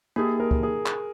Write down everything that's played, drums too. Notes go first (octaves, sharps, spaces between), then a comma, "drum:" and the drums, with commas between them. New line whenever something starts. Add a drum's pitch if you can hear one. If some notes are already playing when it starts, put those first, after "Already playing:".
A#3 D#4 G4 G#4
A#4
drum: kick
G#4
drum: clap